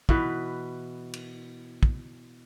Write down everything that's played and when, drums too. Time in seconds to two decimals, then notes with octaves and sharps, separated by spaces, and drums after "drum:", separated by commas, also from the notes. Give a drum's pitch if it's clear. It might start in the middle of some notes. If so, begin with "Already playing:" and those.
0.09 B2 E3 B4, drum: kick
1.13 drum: cymbal
1.83 drum: kick